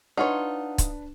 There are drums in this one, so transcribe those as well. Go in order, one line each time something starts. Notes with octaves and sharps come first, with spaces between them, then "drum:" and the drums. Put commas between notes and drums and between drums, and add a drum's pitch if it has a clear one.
D4 D#4 F4 B4 C#5 F#5
drum: kick C#1, hi-hat